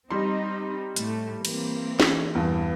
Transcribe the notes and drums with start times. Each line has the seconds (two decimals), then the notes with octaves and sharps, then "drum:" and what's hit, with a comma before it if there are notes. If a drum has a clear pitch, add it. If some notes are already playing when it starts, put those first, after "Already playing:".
0.10 G3 C4 D#4 C6
0.96 A2 A3, drum: hi-hat
1.45 E3 A#3 C4, drum: cymbal
2.00 drum: snare
2.35 E2 G2